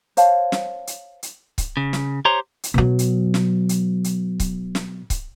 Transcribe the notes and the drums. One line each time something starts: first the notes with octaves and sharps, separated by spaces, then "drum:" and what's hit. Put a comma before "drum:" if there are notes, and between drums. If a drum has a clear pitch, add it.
C5 C#5 F5 A5, drum: hi-hat
drum: snare
drum: hi-hat
drum: hi-hat
drum: kick C#1, hi-hat
C#3
drum: snare
G4 C5 C#5 A#5 C6
drum: hi-hat
B2 F#3
drum: hi-hat
drum: snare
drum: hi-hat
drum: hi-hat
drum: kick C#1, hi-hat
drum: snare
drum: kick C#1, hi-hat